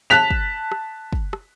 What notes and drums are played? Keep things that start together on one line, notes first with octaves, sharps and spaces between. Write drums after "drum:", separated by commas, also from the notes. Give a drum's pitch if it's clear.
A5 F#6 B6 F7
drum: kick
drum: rim click
drum: kick
drum: rim click